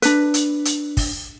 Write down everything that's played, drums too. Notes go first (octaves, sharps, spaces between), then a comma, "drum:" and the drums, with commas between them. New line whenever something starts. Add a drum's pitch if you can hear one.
D4 B4, drum: hi-hat
drum: hi-hat
drum: hi-hat
drum: kick, open hi-hat